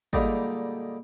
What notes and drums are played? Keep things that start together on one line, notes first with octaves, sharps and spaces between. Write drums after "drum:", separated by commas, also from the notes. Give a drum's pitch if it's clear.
A#2 D3 G3 G#3 D#4, drum: kick